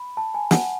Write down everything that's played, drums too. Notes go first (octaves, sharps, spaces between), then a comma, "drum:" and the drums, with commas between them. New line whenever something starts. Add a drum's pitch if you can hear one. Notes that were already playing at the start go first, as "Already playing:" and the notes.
Already playing: B5
A5
G#5
F#5, drum: snare